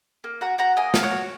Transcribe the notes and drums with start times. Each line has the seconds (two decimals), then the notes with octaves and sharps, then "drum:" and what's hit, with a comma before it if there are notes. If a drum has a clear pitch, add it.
0.24 A#3
0.41 F#4 F#5 A#5
0.58 F#4 F#5 A#5
0.76 A#3 D#5 G#5
0.94 A#3, drum: snare
1.03 C#5 F#5
1.11 F#4